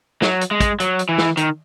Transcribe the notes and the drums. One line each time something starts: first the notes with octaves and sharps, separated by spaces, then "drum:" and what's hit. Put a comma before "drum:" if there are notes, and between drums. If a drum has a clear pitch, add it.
F#3, drum: snare
drum: hi-hat
G#3
drum: kick, hi-hat
F#3, drum: hi-hat
drum: hi-hat
E3
drum: snare
D#3, drum: hi-hat